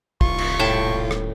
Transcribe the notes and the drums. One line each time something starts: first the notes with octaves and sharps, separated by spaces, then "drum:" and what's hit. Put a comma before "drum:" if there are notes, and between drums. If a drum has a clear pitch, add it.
D#1 C2 F4 C#6, drum: kick
drum: cymbal
A2 G5 A5
drum: rim click